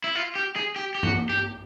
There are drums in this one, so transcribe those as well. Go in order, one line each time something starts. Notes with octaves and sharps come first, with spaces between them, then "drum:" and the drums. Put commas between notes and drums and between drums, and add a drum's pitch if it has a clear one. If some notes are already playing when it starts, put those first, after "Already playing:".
E4
F4
G4
G#4
G4
G4
F#4, drum: tom G2
G4